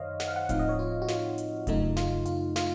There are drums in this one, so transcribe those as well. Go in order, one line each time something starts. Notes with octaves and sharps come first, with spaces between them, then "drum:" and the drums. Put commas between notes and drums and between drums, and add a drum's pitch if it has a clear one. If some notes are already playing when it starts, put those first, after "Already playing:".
Already playing: F#2 D#3 C5 C#5 D#5 F5
F#5, drum: snare
F5
F#5
A2 F3 C4 D#4 F5, drum: kick D1, hi-hat
D#5
C#5
F4
F#4
F4, drum: snare
drum: hi-hat
F#2 C#3 A3 D#4, drum: kick D1, hi-hat
F4, drum: snare
F4, drum: hi-hat
F4, drum: snare